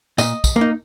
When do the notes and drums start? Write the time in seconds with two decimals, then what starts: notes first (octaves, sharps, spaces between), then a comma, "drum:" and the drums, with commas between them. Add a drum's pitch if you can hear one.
0.18 A#2 D#5, drum: tambourine
0.44 drum: kick, tambourine
0.56 A#3
0.61 D#4